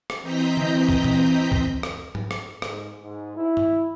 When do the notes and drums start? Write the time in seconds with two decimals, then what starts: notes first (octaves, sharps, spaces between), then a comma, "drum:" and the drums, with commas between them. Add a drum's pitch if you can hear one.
0.10 drum: rim click
0.21 E3 C4 D#5 A#5 G6 B6
0.57 drum: tom D3
0.89 drum: kick
1.04 drum: tom A#2
1.52 drum: kick
1.83 drum: rim click
2.15 drum: tom G#2
2.31 drum: rim click
2.62 G#2, drum: rim click
3.03 G#2
3.37 E4
3.57 drum: tom G2